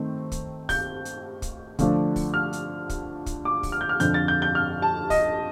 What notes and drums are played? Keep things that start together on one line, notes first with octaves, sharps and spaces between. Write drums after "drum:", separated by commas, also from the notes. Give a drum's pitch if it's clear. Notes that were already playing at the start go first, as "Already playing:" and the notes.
Already playing: D#3 A3 C4
drum: kick, hi-hat
G6, drum: kick, open hi-hat
drum: hi-hat
drum: kick, hi-hat
D3 F3 A3 D4, drum: kick, hi-hat
drum: kick, open hi-hat
F6
drum: hi-hat
drum: kick, hi-hat
drum: kick, hi-hat
D6
drum: kick, open hi-hat
F6
G6
F6
F2 D3 F3 G6, drum: hi-hat
A6
G6
G6
F6
A5
D#5, drum: kick, open hi-hat